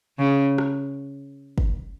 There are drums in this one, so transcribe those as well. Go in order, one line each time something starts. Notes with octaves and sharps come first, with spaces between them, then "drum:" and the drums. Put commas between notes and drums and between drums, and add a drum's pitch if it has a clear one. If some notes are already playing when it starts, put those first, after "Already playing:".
C#3
drum: rim click
drum: kick